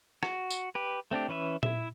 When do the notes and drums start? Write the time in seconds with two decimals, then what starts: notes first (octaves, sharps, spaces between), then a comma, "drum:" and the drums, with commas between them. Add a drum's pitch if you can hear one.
0.23 F#4, drum: rim click
0.50 drum: tambourine
0.75 G4 B4
1.11 A3 C4 D4 G4
1.28 E3 C#4 B4 E5
1.63 E4 E5, drum: tom A#2